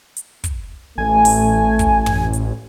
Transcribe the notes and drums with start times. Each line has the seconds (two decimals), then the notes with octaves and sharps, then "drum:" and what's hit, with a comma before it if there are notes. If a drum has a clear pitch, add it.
0.17 drum: hi-hat
0.44 drum: kick, hi-hat
0.98 A1 A3 G#5
1.25 drum: open hi-hat
1.79 drum: kick, hi-hat
2.06 drum: tom
2.33 drum: hi-hat